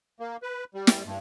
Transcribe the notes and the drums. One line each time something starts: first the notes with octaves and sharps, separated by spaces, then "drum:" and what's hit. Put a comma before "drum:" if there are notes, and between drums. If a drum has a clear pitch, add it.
A#3
B4
G3
drum: snare
G2